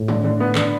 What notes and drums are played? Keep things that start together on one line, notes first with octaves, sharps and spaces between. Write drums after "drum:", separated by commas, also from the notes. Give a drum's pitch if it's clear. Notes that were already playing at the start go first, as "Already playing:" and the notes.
Already playing: A2
D3, drum: tom
D3
B3
D3, drum: clap